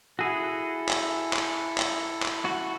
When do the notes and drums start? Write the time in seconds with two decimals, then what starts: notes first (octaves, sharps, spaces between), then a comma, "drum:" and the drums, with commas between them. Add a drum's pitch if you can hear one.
0.19 E4 F#4 G#4 A4
0.89 drum: clap
1.33 drum: clap
1.78 drum: clap
2.23 drum: clap
2.45 F#4